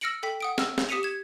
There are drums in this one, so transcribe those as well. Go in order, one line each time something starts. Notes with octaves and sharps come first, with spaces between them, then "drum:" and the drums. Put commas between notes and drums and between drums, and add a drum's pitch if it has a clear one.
E6 F6 A#6 C#7 D7 F#7
A4 G5 B6
F#5 D#6 D7
E6 F6, drum: snare
drum: snare
G4 D#6 B6 C#7 D#7 F7
G#6 E7